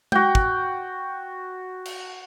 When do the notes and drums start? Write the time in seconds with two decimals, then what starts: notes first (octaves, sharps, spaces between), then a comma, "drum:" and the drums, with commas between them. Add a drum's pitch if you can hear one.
0.12 F#4 G5, drum: tom G#3
0.35 drum: kick
1.86 drum: cymbal